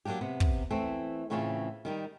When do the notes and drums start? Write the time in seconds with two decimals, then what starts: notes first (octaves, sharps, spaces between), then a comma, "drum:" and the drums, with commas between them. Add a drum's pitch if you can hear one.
0.05 F#3 G3 A#3 D4 G4
0.21 C3 B3
0.40 drum: kick
0.70 E3 A3 C4
1.30 A2 C#3 E3 C4 C#4 F4
1.85 D#3 G3 D#4